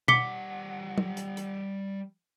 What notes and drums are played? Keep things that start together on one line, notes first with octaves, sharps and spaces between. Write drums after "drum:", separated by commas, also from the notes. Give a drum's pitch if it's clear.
G3 F#5 D6 B6 C#7 G7, drum: tom B2
drum: tom
drum: hi-hat
drum: hi-hat